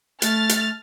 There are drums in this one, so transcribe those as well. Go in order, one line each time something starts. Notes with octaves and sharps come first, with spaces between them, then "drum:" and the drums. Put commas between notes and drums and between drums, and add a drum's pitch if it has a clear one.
A3 F6 A6, drum: hi-hat
drum: hi-hat